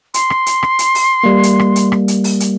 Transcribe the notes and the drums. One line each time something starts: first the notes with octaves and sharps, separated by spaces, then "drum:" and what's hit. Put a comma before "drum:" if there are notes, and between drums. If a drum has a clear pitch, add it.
C6, drum: hi-hat
drum: rim click
drum: hi-hat
drum: rim click
drum: hi-hat
drum: open hi-hat
G3 A#3
drum: hi-hat
drum: rim click
drum: hi-hat
drum: rim click
drum: hi-hat
drum: open hi-hat
drum: hi-hat